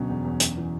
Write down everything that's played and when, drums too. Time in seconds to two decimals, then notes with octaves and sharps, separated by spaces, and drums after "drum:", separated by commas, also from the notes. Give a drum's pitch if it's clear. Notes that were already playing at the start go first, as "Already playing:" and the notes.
Already playing: D2 B2 F#3 C#4
0.09 E2
0.25 E2
0.40 F#2, drum: hi-hat
0.57 E3